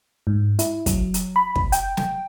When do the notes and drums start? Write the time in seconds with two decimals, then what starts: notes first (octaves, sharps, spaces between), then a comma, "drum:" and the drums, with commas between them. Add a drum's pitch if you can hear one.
0.27 G#2
0.59 E4, drum: hi-hat
0.86 F#3, drum: kick, hi-hat
1.14 drum: hi-hat
1.36 B5
1.56 drum: kick
1.72 G5, drum: hi-hat
1.97 drum: snare